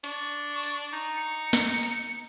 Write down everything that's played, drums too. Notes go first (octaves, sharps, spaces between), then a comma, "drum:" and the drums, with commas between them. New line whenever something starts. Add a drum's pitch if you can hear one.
D4 C#6, drum: hi-hat
drum: hi-hat
D#4
C#7
drum: snare
drum: hi-hat